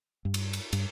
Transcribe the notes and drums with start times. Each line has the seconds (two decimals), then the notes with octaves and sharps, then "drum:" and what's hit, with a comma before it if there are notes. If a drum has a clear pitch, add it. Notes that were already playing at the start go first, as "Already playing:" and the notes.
0.25 G2
0.34 drum: cymbal
0.53 drum: cymbal
0.73 G2, drum: cymbal